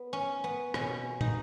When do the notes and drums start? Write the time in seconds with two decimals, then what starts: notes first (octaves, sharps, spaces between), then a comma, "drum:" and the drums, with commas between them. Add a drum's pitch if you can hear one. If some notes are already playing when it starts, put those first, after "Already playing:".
Already playing: B3
0.13 C#4
0.44 B3
0.74 B2 C#4, drum: rim click
1.21 D#4, drum: tom